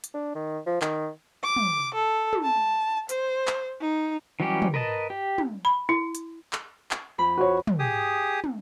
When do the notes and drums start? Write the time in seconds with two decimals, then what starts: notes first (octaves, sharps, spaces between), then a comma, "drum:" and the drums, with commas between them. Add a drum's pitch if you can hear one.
0.04 drum: hi-hat
0.14 D4
0.35 D#3
0.66 F3
0.82 D#3, drum: clap
1.44 D6
1.56 drum: tom
1.94 A4
2.33 drum: tom
2.43 A5
3.09 C5, drum: hi-hat
3.47 drum: clap
3.81 D#4
4.40 E3 F#3 G3 C#4 G4
4.62 drum: tom
4.74 A#4 B4 D#5 A5
5.10 G4
5.38 drum: tom
5.65 B5
5.89 E4
6.15 drum: hi-hat
6.53 drum: clap
6.91 drum: clap
7.18 F2 B5
7.38 F#4 C5 C#5
7.67 drum: tom
7.79 G4 G#4 D#6
8.44 drum: tom